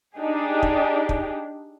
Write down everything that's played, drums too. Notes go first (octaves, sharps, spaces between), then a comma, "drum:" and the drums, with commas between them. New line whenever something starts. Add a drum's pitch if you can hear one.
D4 D#4 G4 G#4
drum: kick
drum: kick